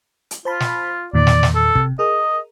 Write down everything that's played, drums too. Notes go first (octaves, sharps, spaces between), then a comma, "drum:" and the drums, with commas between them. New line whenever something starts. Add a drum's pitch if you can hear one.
drum: hi-hat
F4 C5 A5 B5
drum: snare
E2 A#2 D#3 D5
drum: snare
drum: snare
A4
C3, drum: kick
G#4 A#4 D#5